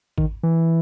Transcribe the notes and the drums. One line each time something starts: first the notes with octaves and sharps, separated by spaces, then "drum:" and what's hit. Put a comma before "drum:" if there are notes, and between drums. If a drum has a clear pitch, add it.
D#3, drum: kick G#1
E3